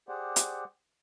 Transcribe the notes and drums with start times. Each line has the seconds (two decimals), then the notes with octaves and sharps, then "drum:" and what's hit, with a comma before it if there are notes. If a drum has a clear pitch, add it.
0.09 G4 G#4 C5 D5 F#5
0.36 drum: hi-hat